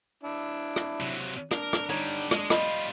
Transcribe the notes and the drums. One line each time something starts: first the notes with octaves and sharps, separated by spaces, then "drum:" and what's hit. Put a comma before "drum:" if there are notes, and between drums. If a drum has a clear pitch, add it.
D4 E4
drum: rim click
C3 F#3
D4 A#4, drum: rim click
drum: rim click
D3 G3 D#4 C#5
G#3, drum: rim click
G3 F4 D#5 B5, drum: rim click